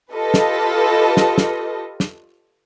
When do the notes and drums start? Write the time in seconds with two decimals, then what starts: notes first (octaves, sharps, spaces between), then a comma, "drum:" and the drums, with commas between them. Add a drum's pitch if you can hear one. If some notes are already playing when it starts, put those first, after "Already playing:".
0.13 F4 G4 A4 B4 D#5
0.34 drum: snare
1.17 drum: snare
1.38 drum: snare
2.00 drum: snare